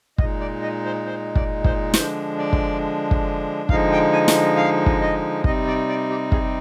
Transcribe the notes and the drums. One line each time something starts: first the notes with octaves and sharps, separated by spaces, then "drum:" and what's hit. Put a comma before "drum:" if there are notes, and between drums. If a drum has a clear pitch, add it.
A#2 G#3 D#4 D#5, drum: kick
D5
D#5
C5
C5
D5, drum: kick
C5, drum: kick
D3 F3 G#3 D4 C5, drum: snare
D5
drum: kick
drum: kick
D3 F3 G#3 D#4 F5, drum: kick
G5
G#5
drum: snare
F5
drum: kick
D#5
C3 G3 C4 D#4 D#5, drum: kick
D5
D5
G4
G#4, drum: kick